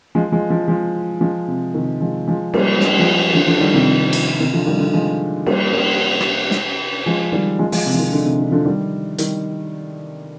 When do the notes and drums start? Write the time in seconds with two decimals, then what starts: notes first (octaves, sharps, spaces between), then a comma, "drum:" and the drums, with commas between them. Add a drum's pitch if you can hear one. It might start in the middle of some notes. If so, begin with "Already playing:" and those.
0.15 F3 G#3
0.32 F3 G#3
0.50 F3 G#3
0.68 F3 G#3
1.21 F3 G#3
1.48 C3
1.74 C3 D#3
2.00 F3 G#3
2.27 F3 G#3
2.54 G3 A#3, drum: cymbal
2.81 G#3, drum: snare
2.90 G3
2.99 F3 G#3
3.33 D3 F3
3.47 D3 F3
3.60 D#3 G3
3.74 C3 D#3
3.87 C3
4.13 drum: cymbal
4.40 C3 D#3
4.53 D3 F3
4.67 D#3 G3
4.80 D3
4.93 F3 G#3
5.46 G3 A#3, drum: cymbal
5.73 G3 A#3
6.21 drum: rim click
6.51 drum: snare
7.06 F3 G#3
7.32 D#3 G3
7.59 F3 G#3
7.72 F3 G#3, drum: open hi-hat
7.86 C3
7.94 F3
7.99 C3 D#3
8.12 D3
8.25 C3
8.39 D3
8.52 D3 F3
8.66 D#3 G3
9.18 D#3 G3, drum: hi-hat